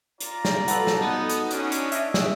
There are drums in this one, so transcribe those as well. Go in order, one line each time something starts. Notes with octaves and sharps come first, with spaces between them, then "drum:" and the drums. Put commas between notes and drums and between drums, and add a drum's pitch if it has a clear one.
F4 D5 A#5, drum: hi-hat
drum: snare
F#4 A4 B4, drum: hi-hat
drum: snare
B3 D#4
drum: hi-hat
C#4 D4, drum: hi-hat
drum: hi-hat
D#5 E5, drum: hi-hat
drum: snare